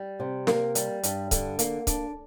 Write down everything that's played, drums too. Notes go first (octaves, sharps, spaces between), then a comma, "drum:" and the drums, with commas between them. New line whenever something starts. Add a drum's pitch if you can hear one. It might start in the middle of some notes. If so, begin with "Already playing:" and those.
Already playing: G3
C3
A#3 A#4, drum: snare
G3, drum: hi-hat
G2, drum: hi-hat
D3, drum: kick C#1, hi-hat
A#3, drum: hi-hat
D4, drum: kick C#1, hi-hat